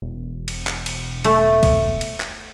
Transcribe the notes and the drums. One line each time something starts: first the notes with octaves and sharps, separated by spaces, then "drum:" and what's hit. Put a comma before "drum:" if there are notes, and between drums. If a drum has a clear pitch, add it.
E1
drum: cymbal
drum: clap
drum: cymbal
A3, drum: cymbal
drum: kick, cymbal
drum: cymbal
drum: clap